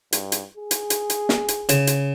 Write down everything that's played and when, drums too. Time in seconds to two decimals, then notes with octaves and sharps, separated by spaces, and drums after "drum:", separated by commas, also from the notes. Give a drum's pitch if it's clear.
0.12 G2, drum: hi-hat
0.32 drum: hi-hat
0.57 G#4
0.71 drum: hi-hat
0.90 drum: hi-hat
1.10 drum: hi-hat
1.29 drum: snare
1.48 drum: hi-hat
1.69 C#3, drum: hi-hat
1.87 drum: hi-hat